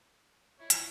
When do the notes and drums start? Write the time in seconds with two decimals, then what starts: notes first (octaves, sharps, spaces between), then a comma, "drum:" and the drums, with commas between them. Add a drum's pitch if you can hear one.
0.59 E4 F4 C#5 D#5 E5
0.70 drum: hi-hat